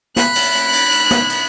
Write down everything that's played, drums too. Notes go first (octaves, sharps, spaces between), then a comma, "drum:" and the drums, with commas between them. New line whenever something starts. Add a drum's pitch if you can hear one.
B5 F#6, drum: snare
drum: cymbal
drum: cymbal
drum: cymbal
drum: cymbal
drum: snare
drum: cymbal